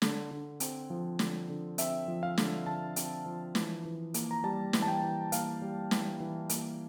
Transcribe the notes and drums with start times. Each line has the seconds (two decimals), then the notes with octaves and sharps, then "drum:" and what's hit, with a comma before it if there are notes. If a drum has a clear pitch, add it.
0.02 D3, drum: snare
0.31 D3
0.60 C4, drum: hi-hat
0.90 F3
1.19 D3, drum: snare
1.49 D3
1.78 C4 E5, drum: hi-hat
2.08 F3
2.23 F5
2.38 D3, drum: snare
2.66 D3 A5
2.96 C4, drum: hi-hat
3.26 F3
3.55 E3, drum: snare
3.85 E3
4.14 A#3, drum: hi-hat
4.31 A#5
4.44 G3 A5
4.73 E3, drum: snare
4.82 A5
4.88 G5
5.02 E3
5.32 A#3 F5, drum: hi-hat
5.62 G3
5.91 E3, drum: snare
6.20 E3
6.49 A#3, drum: hi-hat